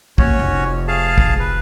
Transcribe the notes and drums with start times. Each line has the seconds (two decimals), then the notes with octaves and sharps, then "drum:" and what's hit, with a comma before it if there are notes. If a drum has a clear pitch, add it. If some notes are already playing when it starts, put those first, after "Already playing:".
0.18 D#2 C#4 F#4 C#5, drum: kick
0.39 F1
0.88 G#4 F5 A5
1.18 drum: kick
1.40 B4